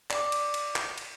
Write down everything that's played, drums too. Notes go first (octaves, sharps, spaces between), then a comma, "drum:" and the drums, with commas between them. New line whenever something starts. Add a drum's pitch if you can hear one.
D5 D6, drum: clap
drum: cymbal
drum: cymbal
drum: clap
drum: cymbal